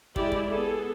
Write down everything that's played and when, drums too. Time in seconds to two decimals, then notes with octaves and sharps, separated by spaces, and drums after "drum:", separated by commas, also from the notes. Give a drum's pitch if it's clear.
0.16 G#3 E4 G4 D5, drum: kick
0.32 drum: kick
0.50 B3 G#4 A4